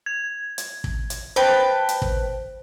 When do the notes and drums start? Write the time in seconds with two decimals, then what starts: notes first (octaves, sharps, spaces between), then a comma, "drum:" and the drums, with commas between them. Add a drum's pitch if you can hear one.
0.06 G#6
0.58 drum: hi-hat
0.84 drum: kick
1.10 drum: hi-hat
1.36 B4 C5 G5 A5
1.89 drum: hi-hat
2.02 drum: kick